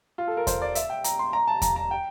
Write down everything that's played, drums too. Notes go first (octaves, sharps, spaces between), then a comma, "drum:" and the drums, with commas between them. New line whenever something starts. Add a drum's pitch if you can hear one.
F4
A4
A#4
C5, drum: kick E2, hi-hat
D5
E5, drum: hi-hat
G5
A#5, drum: hi-hat
C6
A#5
A5
A#5, drum: kick E2, hi-hat
A#5
G5